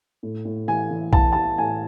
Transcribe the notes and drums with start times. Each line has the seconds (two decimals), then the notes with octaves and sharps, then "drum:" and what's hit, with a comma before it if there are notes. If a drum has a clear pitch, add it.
0.23 A2
0.45 A2
0.68 E3 G#5
0.91 E3
1.13 E3 A5, drum: kick B1
1.33 A5
1.36 E3
1.58 A2 G#5